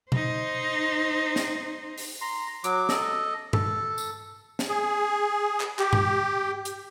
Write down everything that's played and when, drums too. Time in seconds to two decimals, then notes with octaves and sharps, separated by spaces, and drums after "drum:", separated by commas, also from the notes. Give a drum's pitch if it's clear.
0.12 D#4 C5, drum: tom B2
1.36 drum: snare
1.98 drum: open hi-hat
2.21 A#5 C6
2.64 F#3 D6, drum: hi-hat
2.89 A4 D#5, drum: snare
3.53 A4, drum: tom G2
3.98 drum: tambourine
4.59 drum: snare
4.68 G#4
5.60 drum: clap
5.79 G4, drum: clap
5.93 drum: tom G2
6.65 drum: hi-hat